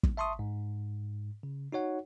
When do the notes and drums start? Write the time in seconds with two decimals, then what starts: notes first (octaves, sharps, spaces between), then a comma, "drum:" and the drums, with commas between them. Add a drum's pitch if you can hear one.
0.03 drum: kick
0.17 E5 A5 C6 C#6 D#6
0.39 G#2
1.43 C#3
1.72 D#4 F#4 C#5 F#5